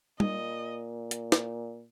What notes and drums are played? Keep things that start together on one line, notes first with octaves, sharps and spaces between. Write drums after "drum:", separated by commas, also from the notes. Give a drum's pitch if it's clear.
A#2 D#5, drum: tom G3
drum: hi-hat
drum: snare